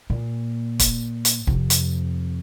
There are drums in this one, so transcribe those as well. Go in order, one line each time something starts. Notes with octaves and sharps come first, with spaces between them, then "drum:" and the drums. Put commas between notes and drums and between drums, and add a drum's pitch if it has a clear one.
A#2
drum: kick, hi-hat
drum: hi-hat
F2 C3, drum: kick
drum: hi-hat